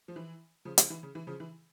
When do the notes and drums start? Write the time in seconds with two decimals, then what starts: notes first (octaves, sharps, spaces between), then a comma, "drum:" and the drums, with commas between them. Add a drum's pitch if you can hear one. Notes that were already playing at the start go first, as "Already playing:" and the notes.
0.08 F3
0.16 E3
0.65 C#3 F3
0.78 C#3 F3, drum: hi-hat
0.90 E3
1.03 C#3
1.15 E3
1.27 C#3 F3
1.40 E3